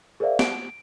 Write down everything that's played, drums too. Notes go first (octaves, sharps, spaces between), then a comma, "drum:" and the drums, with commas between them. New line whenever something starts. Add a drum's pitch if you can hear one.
G#4 A#4 C5 D5 E5 F5
D7, drum: snare